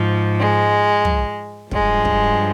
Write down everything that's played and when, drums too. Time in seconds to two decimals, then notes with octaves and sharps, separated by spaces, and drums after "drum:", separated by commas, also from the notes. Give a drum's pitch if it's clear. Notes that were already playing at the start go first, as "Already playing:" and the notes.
Already playing: G#2 F3
0.39 G#3
1.05 drum: tom
1.71 G2 F3 G#3, drum: kick
2.05 drum: kick